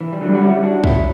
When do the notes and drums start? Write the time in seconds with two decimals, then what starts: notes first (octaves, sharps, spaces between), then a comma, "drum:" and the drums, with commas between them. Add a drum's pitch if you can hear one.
0.01 E3
0.13 G3
0.21 D3 F#3
0.28 G3
0.35 F#4
0.42 C#4 E4
0.63 D4 F#4
0.84 C#4 E4, drum: kick